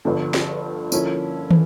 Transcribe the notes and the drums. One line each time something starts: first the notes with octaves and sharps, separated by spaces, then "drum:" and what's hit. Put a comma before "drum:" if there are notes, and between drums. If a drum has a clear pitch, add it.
G1 G2 D3 F3
drum: snare
D3 F3 A#3 C#4 E4, drum: tambourine
drum: tom